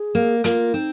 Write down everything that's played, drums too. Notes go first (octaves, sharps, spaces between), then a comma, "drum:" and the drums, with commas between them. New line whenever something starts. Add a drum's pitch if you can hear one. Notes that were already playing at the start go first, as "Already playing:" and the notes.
Already playing: G#4
A#3
A#3 F4, drum: hi-hat
C4 D#4